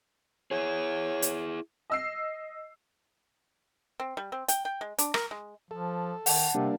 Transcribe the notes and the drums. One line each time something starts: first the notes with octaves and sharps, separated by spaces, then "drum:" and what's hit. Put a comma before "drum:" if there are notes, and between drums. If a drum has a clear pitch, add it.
E4 G#4 C#5
drum: hi-hat
D#5 E6 C7
C4
G3
C4
G5, drum: hi-hat
G5
G#3
D4, drum: hi-hat
A#4, drum: rim click
G#3
F3 A4
D#3 F#5 G5 A5, drum: open hi-hat
C3 G3 A#3 D4